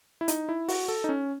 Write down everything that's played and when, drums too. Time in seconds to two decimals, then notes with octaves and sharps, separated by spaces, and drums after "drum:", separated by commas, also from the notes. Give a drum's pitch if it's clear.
0.21 E4
0.28 D#4, drum: hi-hat
0.49 E4
0.68 F#4, drum: open hi-hat
0.88 A4
1.04 D#4
1.09 C#4